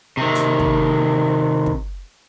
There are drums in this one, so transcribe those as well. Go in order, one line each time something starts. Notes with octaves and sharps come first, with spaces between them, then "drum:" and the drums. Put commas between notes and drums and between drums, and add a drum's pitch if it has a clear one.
C3 D#3
drum: hi-hat
drum: kick
drum: kick